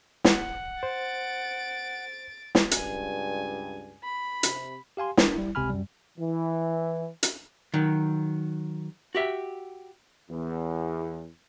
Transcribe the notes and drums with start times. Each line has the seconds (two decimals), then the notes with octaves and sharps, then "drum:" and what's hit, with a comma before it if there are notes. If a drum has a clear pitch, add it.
0.25 F#5, drum: snare
0.83 C5 A6 D7
2.55 drum: snare
2.71 C#2 G2 G#5, drum: hi-hat
4.03 B5
4.43 C3, drum: hi-hat
4.97 G4 F5 G#5 C6
5.17 D4 A#4, drum: snare
5.35 G3 E4
5.55 C#2 C3 G#5 B5 F6
5.69 F#2 G3
6.18 E3
7.23 drum: hi-hat
7.74 D#3 F#3
9.15 F#4 G4 E5
10.30 E2